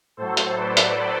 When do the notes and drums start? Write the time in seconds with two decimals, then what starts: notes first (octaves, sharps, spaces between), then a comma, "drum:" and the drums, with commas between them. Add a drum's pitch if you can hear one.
0.17 A2 F#3 A4 C5
0.37 drum: hi-hat
0.56 B4 D5
0.77 drum: hi-hat